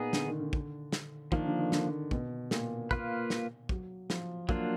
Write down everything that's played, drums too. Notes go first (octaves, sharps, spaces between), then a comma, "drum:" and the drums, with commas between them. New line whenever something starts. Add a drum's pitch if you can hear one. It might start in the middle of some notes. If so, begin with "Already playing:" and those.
Already playing: A#2 B3 D#4 G#4
D3, drum: snare
D#3
D3
drum: kick
drum: snare
D#3 F3 A#3 D4, drum: kick
D3
D#3
D3, drum: snare
B2, drum: kick
A#2, drum: snare
A#3 F4 B4, drum: kick
drum: snare
F#3, drum: kick
F3, drum: snare
F#3 A#3 D4 F4, drum: kick